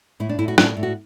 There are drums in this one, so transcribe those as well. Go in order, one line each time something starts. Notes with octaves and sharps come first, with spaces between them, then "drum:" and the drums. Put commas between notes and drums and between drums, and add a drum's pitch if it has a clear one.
A2 E4
D4
A2 E4
F#4
A2 D4, drum: rim click
A2
F#4